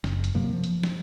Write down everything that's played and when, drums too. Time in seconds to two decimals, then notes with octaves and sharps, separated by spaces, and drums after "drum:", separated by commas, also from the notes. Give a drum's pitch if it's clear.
0.04 F#1, drum: snare
0.24 drum: hi-hat
0.35 G2 C3 F#3 A#3
0.53 F3
0.64 drum: hi-hat
0.83 drum: snare